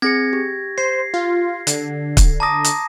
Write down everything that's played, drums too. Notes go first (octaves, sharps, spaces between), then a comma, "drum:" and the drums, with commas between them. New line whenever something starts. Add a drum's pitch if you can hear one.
C4 G#4 G#6 A#6 C#7
G4
C5 C7
F4
D3, drum: hi-hat
drum: kick, hi-hat
A5 A#5 D6 D#6 A#6
drum: hi-hat